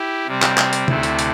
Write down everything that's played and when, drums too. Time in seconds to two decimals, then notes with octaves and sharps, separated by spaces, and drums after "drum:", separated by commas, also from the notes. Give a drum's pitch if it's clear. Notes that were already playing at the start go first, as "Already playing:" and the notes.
Already playing: E4 G4
0.27 C3 G3 C4
0.42 drum: clap
0.57 drum: clap
0.73 drum: hi-hat
0.88 D2 C3 A3 E4, drum: tom C3
1.03 drum: hi-hat
1.19 drum: hi-hat